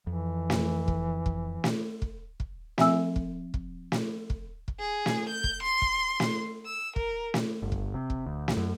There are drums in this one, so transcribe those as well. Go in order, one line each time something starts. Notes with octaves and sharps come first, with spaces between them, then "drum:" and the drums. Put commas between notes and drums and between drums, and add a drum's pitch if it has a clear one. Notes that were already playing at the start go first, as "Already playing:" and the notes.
F2 E3
drum: snare
drum: kick
drum: kick
drum: snare
drum: kick
drum: kick
F3 C4 E5 G#5 E6, drum: snare
drum: kick
drum: kick
drum: snare
drum: kick
drum: kick
G#4
drum: snare
G6
drum: kick
C6
drum: kick
drum: snare
E6
A#4, drum: kick
drum: snare
G1
drum: kick
C3
drum: kick
D2
drum: snare
F#2